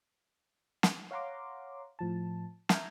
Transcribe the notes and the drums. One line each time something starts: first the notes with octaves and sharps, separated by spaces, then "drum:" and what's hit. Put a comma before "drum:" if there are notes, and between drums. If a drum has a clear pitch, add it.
drum: snare
C#5 F5 F#5 A#5 C6 D6
A2 F3 A5
E5 A5 A#5 F6 G6 G#6, drum: snare